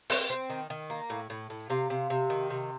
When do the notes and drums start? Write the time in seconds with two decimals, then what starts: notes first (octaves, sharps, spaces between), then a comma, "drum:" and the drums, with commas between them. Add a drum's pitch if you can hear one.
0.10 C4, drum: open hi-hat
0.30 C4
0.50 D#3
0.70 D#3
0.90 A#3
1.10 A2
1.30 A2
1.50 A2
1.70 C3 F5
1.90 C3
2.10 C3
2.30 D#3
2.50 C3